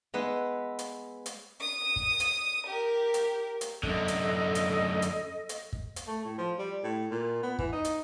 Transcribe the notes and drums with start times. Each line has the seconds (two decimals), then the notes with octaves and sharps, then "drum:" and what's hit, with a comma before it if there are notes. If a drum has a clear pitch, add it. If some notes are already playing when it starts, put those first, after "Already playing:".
0.14 G#3 B3 B4 E5
0.79 drum: hi-hat
1.26 drum: hi-hat
1.60 D#6
1.96 drum: kick
2.20 drum: hi-hat
2.67 G4 A#4
3.14 drum: hi-hat
3.61 drum: hi-hat
3.83 F#2 D3 A4 D#5, drum: kick
4.08 drum: hi-hat
4.55 drum: hi-hat
5.02 drum: hi-hat
5.49 drum: hi-hat
5.73 drum: kick
5.96 drum: hi-hat
6.07 A3
6.24 A2
6.38 F3
6.58 G3
6.83 A2
7.11 A#2
7.43 B3
7.59 E3, drum: kick
7.72 D#4
7.84 drum: hi-hat